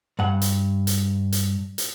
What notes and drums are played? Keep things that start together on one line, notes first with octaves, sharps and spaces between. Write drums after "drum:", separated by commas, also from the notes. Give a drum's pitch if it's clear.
G2 F#5
drum: hi-hat
drum: hi-hat
drum: hi-hat
drum: hi-hat